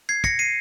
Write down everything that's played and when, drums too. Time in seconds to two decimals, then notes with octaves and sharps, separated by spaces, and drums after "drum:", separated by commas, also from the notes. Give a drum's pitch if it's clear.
0.09 G#6 C7
0.24 A#6 C#7, drum: kick
0.39 C7 D#7